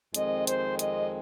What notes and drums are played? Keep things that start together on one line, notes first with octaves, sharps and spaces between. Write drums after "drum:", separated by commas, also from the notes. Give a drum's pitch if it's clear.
F2 D#3 G#3 C4 D#5, drum: hi-hat
C5, drum: hi-hat
D#5, drum: hi-hat